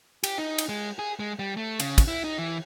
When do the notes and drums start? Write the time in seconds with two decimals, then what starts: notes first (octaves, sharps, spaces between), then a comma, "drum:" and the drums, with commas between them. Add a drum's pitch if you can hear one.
0.24 G4, drum: cymbal
0.38 D#4
0.58 drum: cymbal
0.69 G#3
0.99 G#4
1.20 G#3
1.39 G3
1.57 A3
1.80 C#3, drum: cymbal
1.98 drum: kick, cymbal
2.08 E4
2.24 D#4
2.38 E3